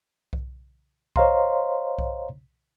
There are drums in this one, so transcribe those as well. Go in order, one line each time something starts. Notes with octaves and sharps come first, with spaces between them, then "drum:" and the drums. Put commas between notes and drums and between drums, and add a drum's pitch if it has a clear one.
drum: kick B1
C5 C#5 D#5 F5 A#5 C6, drum: kick B1
drum: kick B1